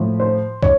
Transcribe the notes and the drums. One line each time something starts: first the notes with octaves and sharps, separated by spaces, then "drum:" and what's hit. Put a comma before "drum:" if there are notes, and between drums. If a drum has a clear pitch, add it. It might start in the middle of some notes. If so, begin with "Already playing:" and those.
Already playing: A2 F3
C5
C#5, drum: kick